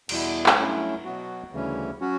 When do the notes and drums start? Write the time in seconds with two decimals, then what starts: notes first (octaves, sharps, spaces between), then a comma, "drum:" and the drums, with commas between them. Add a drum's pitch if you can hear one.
0.09 E2 B2 G3 B3 E4, drum: cymbal
0.46 drum: clap
0.57 G2 F#3 A3 C#4 E4
1.05 B2 F#3 B3 F#4
1.52 D2 C#3 E3 G3 C#4
2.00 F#3 C#4 F#4